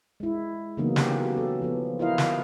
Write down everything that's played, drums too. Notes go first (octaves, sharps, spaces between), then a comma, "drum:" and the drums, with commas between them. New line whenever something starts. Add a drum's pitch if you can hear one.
G#3 E4
C#3 E3 F#3 A#3 B3 D#4
A#3 C#4 F#4 G4, drum: snare
A4
F3 B3
E4 F4 A#4 C5 D#5 F5
drum: snare